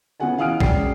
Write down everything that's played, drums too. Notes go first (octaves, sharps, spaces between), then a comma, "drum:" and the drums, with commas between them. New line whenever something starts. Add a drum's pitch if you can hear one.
B3 C#4 F4 G#4 F#5 G#5
E3 F5 F#5 D#6 F6 D7
E1 C#4 G#4 D5 G5 C7, drum: kick